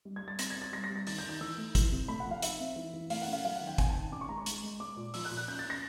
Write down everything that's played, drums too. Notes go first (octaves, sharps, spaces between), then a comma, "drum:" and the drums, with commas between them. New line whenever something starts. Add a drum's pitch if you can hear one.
G3
G#6
G3
A6
C4 A#6, drum: hi-hat
G#6
C4
A6
G3 A#6
A#6
G3
A6
D#3 A6, drum: open hi-hat
G6
D#3
G6
E3 E6
A3
E3, drum: kick, hi-hat
C3
A3 B5
F#5
F3
F5
D#4 E5, drum: hi-hat
C4
E3
E3
A3 F5, drum: open hi-hat
F#5
C#4
F5
F#3 F5
F#5
D#3
G5
C4 G#5, drum: kick, hi-hat
A5
D#3
C#4 D6
C#6
G#3 A#5
C#6
G#3, drum: hi-hat
G#3
G#3 D6
A#2
F3 E6, drum: open hi-hat
F#6
A#2
F#6
C#4 G6
A6
C#4 A#6